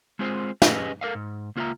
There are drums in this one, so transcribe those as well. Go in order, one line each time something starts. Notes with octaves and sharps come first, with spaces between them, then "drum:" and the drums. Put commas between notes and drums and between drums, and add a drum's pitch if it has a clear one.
G#3 C4 F4 G#4 C5
C#4 G4 G#4 B4 C#5 D#5, drum: snare
A4 A#4 D#5 F5
G#2
C#2 A#3 F4 B4 E5 A#5